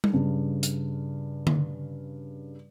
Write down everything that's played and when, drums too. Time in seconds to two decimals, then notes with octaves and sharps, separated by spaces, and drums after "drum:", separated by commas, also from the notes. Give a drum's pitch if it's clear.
0.04 drum: tom G3
0.13 G2 C#3
0.63 drum: hi-hat
1.47 drum: tom D3